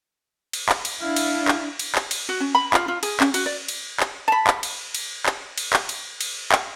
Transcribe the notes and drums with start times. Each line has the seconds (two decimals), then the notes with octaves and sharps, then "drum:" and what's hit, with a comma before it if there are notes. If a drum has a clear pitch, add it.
0.53 drum: cymbal
0.69 drum: clap
0.85 drum: cymbal
1.01 D4 E4 F5
1.16 drum: cymbal
1.48 drum: clap
1.79 drum: cymbal
1.95 drum: clap
2.11 drum: cymbal
2.29 F#4
2.40 C#4
2.55 B5
2.74 F4, drum: clap
2.88 F4
3.03 G#4, drum: cymbal
3.20 C#4, drum: clap
3.34 F#4, drum: cymbal
3.46 D5
3.68 drum: cymbal
4.00 drum: clap
4.28 A5 B5
4.47 drum: clap
4.63 drum: cymbal
4.95 drum: cymbal
5.26 drum: clap
5.58 drum: cymbal
5.73 drum: clap
5.89 drum: cymbal
6.21 drum: cymbal
6.52 drum: clap